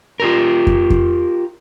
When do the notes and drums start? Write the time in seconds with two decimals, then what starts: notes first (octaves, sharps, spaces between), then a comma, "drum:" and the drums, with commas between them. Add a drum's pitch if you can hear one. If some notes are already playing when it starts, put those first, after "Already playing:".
0.20 F4 G4 A#4
0.67 drum: kick F2
0.90 drum: kick F2